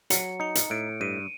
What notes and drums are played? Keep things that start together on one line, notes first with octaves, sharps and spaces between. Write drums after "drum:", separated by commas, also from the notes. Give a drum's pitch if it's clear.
F#3 C#7, drum: hi-hat
D#4 C#7
drum: hi-hat
A2 D7
G2 D#7